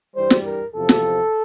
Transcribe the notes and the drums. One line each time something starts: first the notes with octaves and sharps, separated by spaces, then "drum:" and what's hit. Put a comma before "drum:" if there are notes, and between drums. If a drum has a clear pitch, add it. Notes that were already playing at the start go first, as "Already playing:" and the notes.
G2 E3 G3 C5
drum: snare
A#4
E2 C3 F3 A4
drum: snare